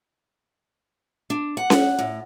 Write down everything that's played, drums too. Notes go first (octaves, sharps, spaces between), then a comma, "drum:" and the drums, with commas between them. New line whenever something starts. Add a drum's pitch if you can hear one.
D4
F#5
drum: snare C#4
A2